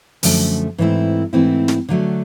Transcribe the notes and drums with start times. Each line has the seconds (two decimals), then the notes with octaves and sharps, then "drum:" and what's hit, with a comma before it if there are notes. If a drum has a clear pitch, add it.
0.23 F#2 D3 F3 A3, drum: open hi-hat
0.78 G#2 E3 A3 C4 E4
1.33 G#2 E3 A3 C4 E4
1.68 drum: snare
1.89 D3 F#3 A3 D4